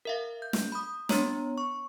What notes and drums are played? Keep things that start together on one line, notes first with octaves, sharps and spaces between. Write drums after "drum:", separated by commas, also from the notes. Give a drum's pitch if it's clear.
A#4 E5 F5
G6
drum: snare
B5 D#6
B3 D4 C#5 A#5, drum: snare
C#6